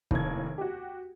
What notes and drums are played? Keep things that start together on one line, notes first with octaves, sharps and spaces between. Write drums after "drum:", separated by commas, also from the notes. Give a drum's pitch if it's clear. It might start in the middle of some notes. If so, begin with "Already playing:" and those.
F1 D#2 A2 G#6, drum: kick
F#4 G4